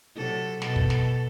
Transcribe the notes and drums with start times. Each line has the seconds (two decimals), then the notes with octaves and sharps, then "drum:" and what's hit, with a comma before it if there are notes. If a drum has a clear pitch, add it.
0.16 C3 F#3 A4
0.62 B2 A4, drum: snare
0.76 drum: kick
0.90 drum: snare